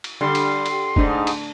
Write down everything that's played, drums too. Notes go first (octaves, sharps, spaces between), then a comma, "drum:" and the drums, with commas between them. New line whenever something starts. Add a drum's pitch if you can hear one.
drum: cymbal
D3 G3 C6
drum: cymbal
drum: cymbal
G#2 A3 D4 D#4, drum: kick
drum: cymbal